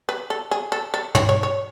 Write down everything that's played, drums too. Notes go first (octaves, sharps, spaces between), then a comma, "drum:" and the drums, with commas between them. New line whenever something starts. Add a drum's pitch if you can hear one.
B4
A4
G#4
A4
A4
C#5, drum: tom
C#5
C#5